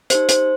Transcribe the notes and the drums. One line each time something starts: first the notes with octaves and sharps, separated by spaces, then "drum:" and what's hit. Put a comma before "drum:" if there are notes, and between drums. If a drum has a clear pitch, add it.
D#4 G4 C5, drum: hi-hat
C5, drum: hi-hat